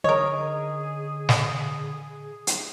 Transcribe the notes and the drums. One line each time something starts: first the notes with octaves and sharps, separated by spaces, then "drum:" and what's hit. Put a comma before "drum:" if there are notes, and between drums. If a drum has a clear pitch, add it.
D3 G#4 A#4 C#5 D#5
drum: snare
drum: hi-hat